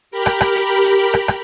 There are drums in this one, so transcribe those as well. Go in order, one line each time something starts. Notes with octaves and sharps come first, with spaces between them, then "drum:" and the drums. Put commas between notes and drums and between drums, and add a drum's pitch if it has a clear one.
G4 A#4 B5
drum: rim click
drum: rim click
drum: hi-hat
drum: hi-hat
drum: rim click
drum: rim click